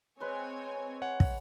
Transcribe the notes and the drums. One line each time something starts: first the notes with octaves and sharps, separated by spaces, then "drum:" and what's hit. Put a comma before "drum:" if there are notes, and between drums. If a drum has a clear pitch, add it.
G#3 C4 B4 C#5 G#5 C6
C#5 F#5
drum: kick